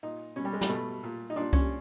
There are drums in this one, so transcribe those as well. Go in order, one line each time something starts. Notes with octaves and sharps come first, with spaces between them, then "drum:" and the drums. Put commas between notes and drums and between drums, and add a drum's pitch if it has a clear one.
A#2 D#4
B2 C#4
G3
G#3
G3, drum: snare
B2 A3
A#2
D#4
A#2 D4
C#4, drum: kick C2